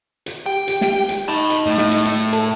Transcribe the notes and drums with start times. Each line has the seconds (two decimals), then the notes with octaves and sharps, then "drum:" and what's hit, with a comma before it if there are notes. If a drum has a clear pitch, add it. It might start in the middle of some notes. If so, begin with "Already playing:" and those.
0.26 drum: hi-hat
0.46 G4 G5
0.68 drum: hi-hat
0.81 drum: snare
1.09 drum: hi-hat
1.28 D#4 A5 B5
1.50 drum: hi-hat
1.66 A2
1.78 drum: snare
1.91 drum: hi-hat
2.05 drum: hi-hat
2.33 A4, drum: hi-hat